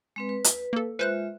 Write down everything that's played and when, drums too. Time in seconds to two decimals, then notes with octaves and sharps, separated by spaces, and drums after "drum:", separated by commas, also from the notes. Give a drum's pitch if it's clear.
0.16 G#3 C4 B4
0.29 B4
0.44 drum: hi-hat
0.73 A#3 A4
0.99 G#3 F4 B4 C5 E5 F#6